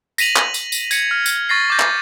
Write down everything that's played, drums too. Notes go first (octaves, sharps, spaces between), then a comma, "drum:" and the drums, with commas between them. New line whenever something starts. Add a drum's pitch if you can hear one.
A#6 B6 D#7 F7 F#7, drum: tambourine
drum: clap
drum: tambourine
drum: tambourine
G#6 C#7, drum: tambourine
F6
drum: tambourine
C#6 A6 A#6 C7
D6 G6 A#6
drum: clap